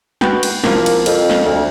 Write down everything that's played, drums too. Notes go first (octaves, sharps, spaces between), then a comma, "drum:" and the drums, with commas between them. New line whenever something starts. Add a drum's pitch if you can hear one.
F#4 B4 G5, drum: snare
drum: cymbal
C2 F3 A#3, drum: snare
drum: cymbal
F2, drum: cymbal
drum: snare
D2